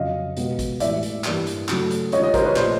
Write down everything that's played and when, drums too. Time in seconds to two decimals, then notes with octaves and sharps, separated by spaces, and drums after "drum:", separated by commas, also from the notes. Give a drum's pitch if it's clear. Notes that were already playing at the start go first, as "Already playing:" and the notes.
Already playing: F2 C#3 F#3 D#5 F5
0.37 B2 G#3 B3, drum: hi-hat
0.59 drum: kick, hi-hat
0.80 A2 E3 G#3 D5 E5, drum: hi-hat
1.03 drum: hi-hat
1.24 G2 E3 G3 A#3, drum: clap
1.47 drum: hi-hat
1.69 C#3 F#3 A3, drum: clap
1.91 drum: hi-hat
2.12 D3 F3 G#3 C#4 C#5 D#5, drum: hi-hat
2.23 C#5 D#5
2.34 A#4 C5, drum: kick, hi-hat
2.45 B4 C#5
2.56 A#2 F3 A3 C5 D5, drum: clap